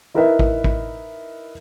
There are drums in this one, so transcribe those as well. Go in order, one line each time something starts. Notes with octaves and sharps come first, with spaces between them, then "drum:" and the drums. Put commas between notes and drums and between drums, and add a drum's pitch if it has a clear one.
D#4 E4 A#4 B4 D#5 E5
drum: kick
drum: kick